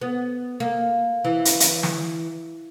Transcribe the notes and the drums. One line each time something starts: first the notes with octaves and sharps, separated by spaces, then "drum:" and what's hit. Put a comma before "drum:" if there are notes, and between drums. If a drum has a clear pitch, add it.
B3
A#3
E3
drum: hi-hat
drum: hi-hat
drum: snare